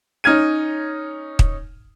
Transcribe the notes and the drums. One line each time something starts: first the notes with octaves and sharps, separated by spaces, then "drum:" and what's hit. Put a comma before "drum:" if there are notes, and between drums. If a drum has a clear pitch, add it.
C#4 D#4 F6 G#6 D#7
drum: kick